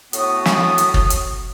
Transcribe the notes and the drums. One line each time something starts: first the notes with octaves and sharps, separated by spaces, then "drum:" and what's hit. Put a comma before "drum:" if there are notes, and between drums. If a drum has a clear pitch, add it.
A2 A3 B3 F#4 D#6, drum: hi-hat
drum: snare
drum: hi-hat
drum: kick
drum: hi-hat